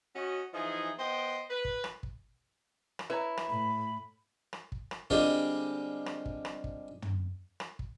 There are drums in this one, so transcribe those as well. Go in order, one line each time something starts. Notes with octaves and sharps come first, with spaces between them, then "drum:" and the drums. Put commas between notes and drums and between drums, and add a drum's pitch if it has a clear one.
C#4 F#4 D#5
E3 F3 D#4 E4 G#4 D#5
B3 C5 D#5 G5
B4
drum: kick
drum: rim click
drum: kick
drum: rim click
E4 B4 C#5 A#5
drum: rim click
A2 B5
drum: rim click
drum: kick
drum: rim click
D3 G3 G#3 C4 F4, drum: kick
drum: rim click
drum: kick
drum: rim click
drum: kick
drum: tom
drum: rim click
drum: kick